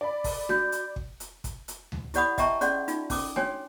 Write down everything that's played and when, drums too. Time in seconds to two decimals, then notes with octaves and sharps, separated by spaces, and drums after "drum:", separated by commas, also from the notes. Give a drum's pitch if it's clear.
0.01 D5 B5
0.24 drum: kick, open hi-hat
0.49 F#4 G6, drum: snare D4
0.72 drum: hi-hat
0.96 drum: kick
1.20 drum: hi-hat
1.44 drum: kick, hi-hat
1.68 drum: hi-hat
1.92 drum: tom D2
2.14 E4 G4 D5 F#5 B5 D#6, drum: hi-hat
2.38 D#5 E5 G5 A5 A#5 C#6, drum: kick, hi-hat
2.61 C#4 G#4 D5 F#5 C6, drum: hi-hat
2.88 D#4 F4, drum: hi-hat
3.10 C#4 D6 D#6, drum: kick, open hi-hat
3.36 F#4 C#5 G5 G#5, drum: snare D4